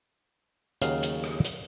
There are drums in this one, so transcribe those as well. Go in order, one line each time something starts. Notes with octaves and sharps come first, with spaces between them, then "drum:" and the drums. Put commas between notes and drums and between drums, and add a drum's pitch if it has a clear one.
D#2 C#3 F#3 F5, drum: hi-hat
drum: hi-hat
drum: rim click
drum: hi-hat